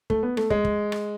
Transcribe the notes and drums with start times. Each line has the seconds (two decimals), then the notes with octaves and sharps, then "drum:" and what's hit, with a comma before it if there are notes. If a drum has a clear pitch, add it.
0.10 A3, drum: kick
0.23 B3
0.37 A3, drum: rim click
0.50 G#3, drum: kick
0.65 drum: kick
0.92 drum: rim click